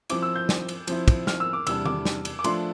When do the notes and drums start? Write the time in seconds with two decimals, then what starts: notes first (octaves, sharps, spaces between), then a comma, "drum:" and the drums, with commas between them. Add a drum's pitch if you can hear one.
0.10 F3 C4 E4 D6, drum: cymbal
0.22 E6
0.36 G6
0.49 drum: snare
0.68 drum: cymbal
0.87 F3 C4 E4, drum: cymbal
1.08 drum: kick, cymbal
1.27 F6, drum: snare
1.40 E6
1.53 D6
1.67 E2 C3 G3 D4 E6, drum: cymbal
1.86 D6, drum: tom D#3
2.05 drum: snare
2.25 drum: cymbal
2.39 D6
2.44 F3 A3 D4 F4 C6, drum: cymbal